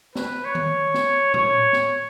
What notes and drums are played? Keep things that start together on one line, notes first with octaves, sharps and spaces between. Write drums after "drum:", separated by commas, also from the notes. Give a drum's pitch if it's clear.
B4, drum: snare
C#5
drum: tom D#3
drum: snare
C#5, drum: tom
drum: snare